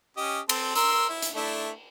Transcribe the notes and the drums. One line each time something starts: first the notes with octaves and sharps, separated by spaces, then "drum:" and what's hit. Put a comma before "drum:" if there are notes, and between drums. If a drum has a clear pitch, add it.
C#4 G4 D#5
C4 A4, drum: cymbal
A#4 C6 E6, drum: hi-hat
E4
drum: hi-hat
A3 D4 E4